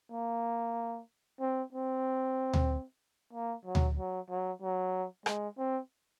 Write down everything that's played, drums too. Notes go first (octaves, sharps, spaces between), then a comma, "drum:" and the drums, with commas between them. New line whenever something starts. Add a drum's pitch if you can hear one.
A#3
C4
C4
drum: tom D2
A#3
F#3
drum: tom D2
F#3
F#3
F#3
G#3, drum: rim click
C4